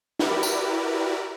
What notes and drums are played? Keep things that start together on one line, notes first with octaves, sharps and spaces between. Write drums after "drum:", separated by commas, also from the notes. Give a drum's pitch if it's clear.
E4 F#4 G4 A#4 B4 D5, drum: snare
drum: tambourine